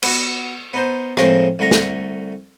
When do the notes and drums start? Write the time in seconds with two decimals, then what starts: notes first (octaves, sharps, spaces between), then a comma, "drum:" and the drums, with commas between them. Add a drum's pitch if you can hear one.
0.03 B3 F#4, drum: cymbal
0.73 B3 D#4 C5
1.17 A2 C3 F3 G#3 A#3 C4, drum: rim click
1.59 C2 D3 A3 A#5
1.71 drum: snare